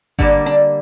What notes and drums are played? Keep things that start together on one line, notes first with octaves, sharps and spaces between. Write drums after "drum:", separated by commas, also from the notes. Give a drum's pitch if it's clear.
D3 G3 A#3 D4, drum: kick G#1
D4